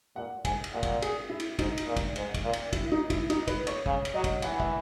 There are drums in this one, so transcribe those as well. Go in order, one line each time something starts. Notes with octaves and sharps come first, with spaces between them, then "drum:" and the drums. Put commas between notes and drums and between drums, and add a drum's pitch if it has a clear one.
A#2 F#5
G#2 G#5, drum: kick, cymbal
drum: cymbal
A#2 F#5
drum: kick, cymbal
G#4, drum: cymbal
E4
drum: cymbal
G#2 D#4, drum: kick, cymbal
drum: cymbal
A#2
drum: kick, cymbal
G#2, drum: cymbal
drum: kick, cymbal
A#2
drum: cymbal
E4, drum: kick, cymbal
D#4
E4, drum: kick, cymbal
D#4, drum: cymbal
B4, drum: kick, cymbal
C#5, drum: cymbal
C#3, drum: kick
drum: cymbal
F#3 D#5
drum: kick, cymbal
E3 F#5, drum: cymbal
E5, drum: kick